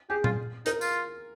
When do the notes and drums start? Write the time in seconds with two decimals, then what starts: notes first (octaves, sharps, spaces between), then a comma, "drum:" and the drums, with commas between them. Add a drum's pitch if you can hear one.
0.10 G4 G#4
0.24 F4, drum: tom A#2
0.66 D#4 A#4, drum: hi-hat
0.81 F4, drum: tambourine